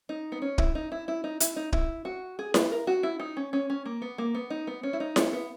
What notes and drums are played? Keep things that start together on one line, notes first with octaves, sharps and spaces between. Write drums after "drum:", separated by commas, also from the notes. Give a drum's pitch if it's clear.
D#4
B3
C#4
E4, drum: kick
D#4
E4
E4
D#4
E4, drum: hi-hat
D#4
E4, drum: kick
F#4
G#4
B4, drum: snare E4
A#4
F#4
E4
D#4
C#4
C#4
C#4
A#3
B3
A#3
B3
D#4
B3
C#4
E4
D#4
C#4, drum: snare E4
B3